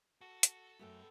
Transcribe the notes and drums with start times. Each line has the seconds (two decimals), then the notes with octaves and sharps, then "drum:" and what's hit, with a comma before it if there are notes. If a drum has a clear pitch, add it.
0.21 F#4 A4
0.43 drum: hi-hat
0.79 F#2 A3 B3 F#4 A4 G5